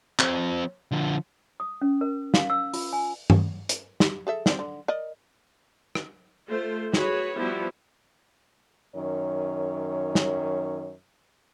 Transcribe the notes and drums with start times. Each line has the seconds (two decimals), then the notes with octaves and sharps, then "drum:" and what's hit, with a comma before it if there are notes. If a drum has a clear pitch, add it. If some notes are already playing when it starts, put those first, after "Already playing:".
0.19 F3 C4, drum: clap
0.92 D3 F3
1.60 D#6
1.82 C#4
2.01 A#4
2.34 F5, drum: snare
2.50 E6
2.74 F4, drum: open hi-hat
2.93 G#5
3.30 drum: tom G2
3.69 drum: hi-hat
4.00 G4, drum: snare
4.27 G#4 A4 E5
4.46 D3 C4 D5, drum: snare
4.59 D3
4.88 A#4 D5 D#5
5.95 drum: rim click
6.50 A3 F4 C5
6.94 F#4 G#4 B4 C#5, drum: snare
7.38 F3 G3 B3 E4 F#4
8.96 F#2 D#3 C#5
10.15 drum: snare